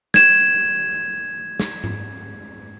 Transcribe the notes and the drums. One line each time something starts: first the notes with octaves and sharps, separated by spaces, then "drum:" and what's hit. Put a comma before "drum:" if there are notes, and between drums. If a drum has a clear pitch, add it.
G#6 E7, drum: snare
drum: snare
drum: tom G#2